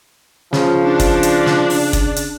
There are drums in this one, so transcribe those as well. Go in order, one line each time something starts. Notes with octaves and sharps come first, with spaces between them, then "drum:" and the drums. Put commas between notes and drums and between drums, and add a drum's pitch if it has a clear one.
C#3 F3, drum: snare
D4
drum: kick, hi-hat
drum: hi-hat
drum: snare
drum: open hi-hat
drum: kick, hi-hat
drum: hi-hat